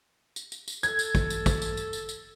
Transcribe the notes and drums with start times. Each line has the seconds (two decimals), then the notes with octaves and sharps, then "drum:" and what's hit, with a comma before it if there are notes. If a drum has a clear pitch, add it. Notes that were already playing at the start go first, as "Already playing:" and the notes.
0.36 drum: tambourine
0.52 drum: tambourine
0.68 drum: tambourine
0.83 A4 G#6, drum: tambourine
0.99 drum: tambourine
1.15 drum: kick, tambourine
1.30 drum: tambourine
1.46 drum: kick, tambourine
1.62 drum: tambourine
1.77 drum: tambourine
1.93 drum: tambourine
2.09 drum: tambourine